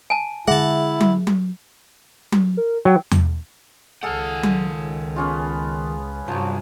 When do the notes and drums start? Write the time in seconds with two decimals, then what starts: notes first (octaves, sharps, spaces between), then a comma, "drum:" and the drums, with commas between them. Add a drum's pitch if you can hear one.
0.10 G#5 A5
0.48 D3 G#3 E4 G#4 E5 F#5 A5
1.00 drum: tom F#3
1.27 drum: tom F#3
2.32 drum: tom F#3
2.57 A#4
2.85 F#3 G5
3.11 drum: tom E2
4.03 C#2 D#3 G#4 A4 F5 F#5
4.43 drum: tom F#3
5.16 B3 C#4 F4
6.28 C2 G2 F3 F#3